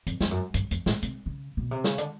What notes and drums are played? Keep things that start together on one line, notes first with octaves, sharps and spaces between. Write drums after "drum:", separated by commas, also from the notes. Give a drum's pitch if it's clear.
F2, drum: hi-hat
F2, drum: snare
F#2
G2, drum: hi-hat
F2, drum: hi-hat
A2, drum: snare
C3, drum: hi-hat
C#3
B2
C3
C#3, drum: snare
D3, drum: hi-hat